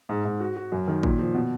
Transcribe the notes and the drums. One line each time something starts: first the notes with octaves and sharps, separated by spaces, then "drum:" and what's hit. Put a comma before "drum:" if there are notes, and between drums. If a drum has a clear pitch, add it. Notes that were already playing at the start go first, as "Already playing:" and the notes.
G#2
G#2
F#4
F#4
F#2
D#3
A#2, drum: kick
F3
B2